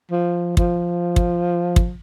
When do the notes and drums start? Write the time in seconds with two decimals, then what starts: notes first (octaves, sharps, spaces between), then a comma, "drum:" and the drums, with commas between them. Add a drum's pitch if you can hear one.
0.11 F3
0.57 F3, drum: kick
1.16 drum: kick
1.76 drum: kick